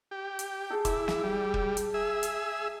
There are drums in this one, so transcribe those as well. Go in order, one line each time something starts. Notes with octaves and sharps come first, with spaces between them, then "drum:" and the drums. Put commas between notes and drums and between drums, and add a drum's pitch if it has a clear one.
G4
drum: hi-hat
G#4 A4
E4 D6, drum: kick, hi-hat
drum: snare
G3
drum: kick
drum: hi-hat
G#4 E5
drum: hi-hat